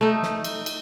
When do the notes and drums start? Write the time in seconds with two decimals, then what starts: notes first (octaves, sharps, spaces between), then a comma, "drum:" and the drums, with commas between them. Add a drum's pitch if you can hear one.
0.01 A3 D#4
0.23 drum: snare
0.44 drum: cymbal
0.66 drum: cymbal